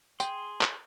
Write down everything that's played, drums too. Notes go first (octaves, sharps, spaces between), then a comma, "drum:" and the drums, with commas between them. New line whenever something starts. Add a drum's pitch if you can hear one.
G#4 G5 C6, drum: tambourine
drum: clap